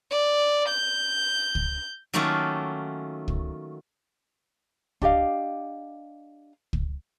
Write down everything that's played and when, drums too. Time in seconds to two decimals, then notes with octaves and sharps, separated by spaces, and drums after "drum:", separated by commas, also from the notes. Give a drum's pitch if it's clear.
0.11 D5
0.69 G6
1.55 drum: kick
2.14 D#3 F#3 A3 A#3 C#4 F4
3.28 drum: kick
5.02 D4 G4 D#5 F5, drum: kick
6.73 drum: kick